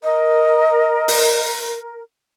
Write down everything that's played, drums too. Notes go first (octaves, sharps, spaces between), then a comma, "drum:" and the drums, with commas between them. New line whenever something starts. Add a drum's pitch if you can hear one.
A#4 D#5
drum: open hi-hat